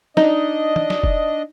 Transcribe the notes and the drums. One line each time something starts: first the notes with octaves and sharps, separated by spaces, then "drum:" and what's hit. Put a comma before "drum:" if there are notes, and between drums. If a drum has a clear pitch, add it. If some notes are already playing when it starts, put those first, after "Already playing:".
D4 D#4 D#5, drum: snare
drum: tom
drum: snare
drum: kick